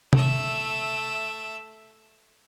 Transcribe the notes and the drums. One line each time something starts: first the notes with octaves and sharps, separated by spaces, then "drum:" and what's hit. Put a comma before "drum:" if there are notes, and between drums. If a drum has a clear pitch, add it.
A3 E5, drum: tom C3